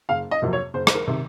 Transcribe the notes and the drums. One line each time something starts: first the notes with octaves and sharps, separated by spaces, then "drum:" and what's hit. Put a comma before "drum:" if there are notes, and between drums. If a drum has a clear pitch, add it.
F#1 F5
D#5
F2 C3 F#3 A#3
C#5
F#1 C5
C5, drum: rim click
A#4
C3 D#3